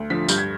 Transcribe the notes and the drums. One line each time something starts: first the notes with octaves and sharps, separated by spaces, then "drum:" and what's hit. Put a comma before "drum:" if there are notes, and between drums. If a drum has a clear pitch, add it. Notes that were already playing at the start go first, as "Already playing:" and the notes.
Already playing: D2
D3 F3 B6
G2 G6, drum: tambourine
G#6